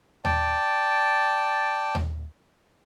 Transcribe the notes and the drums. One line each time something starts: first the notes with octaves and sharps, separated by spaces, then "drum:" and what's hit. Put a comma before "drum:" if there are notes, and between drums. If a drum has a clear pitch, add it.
D5 G5 A5, drum: tom D#2
drum: tom D#2